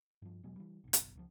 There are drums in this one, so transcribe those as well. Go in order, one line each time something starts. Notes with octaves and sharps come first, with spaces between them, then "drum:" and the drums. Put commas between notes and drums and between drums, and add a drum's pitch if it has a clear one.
G2 F3
E1 B2 F#3 G#3
E3 G3
F#1 B1
drum: hi-hat
C#2 B2 F3